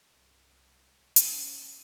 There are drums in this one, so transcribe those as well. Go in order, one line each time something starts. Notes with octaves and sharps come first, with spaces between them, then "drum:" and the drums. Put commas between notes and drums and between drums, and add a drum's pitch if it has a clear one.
C2 G2
G#3
E2 C#4, drum: hi-hat